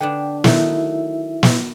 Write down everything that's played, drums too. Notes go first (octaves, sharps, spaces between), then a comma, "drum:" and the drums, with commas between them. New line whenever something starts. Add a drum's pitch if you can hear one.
D3 B3 D4 G5
D#3 F#3 A3 E4 E5, drum: snare
drum: snare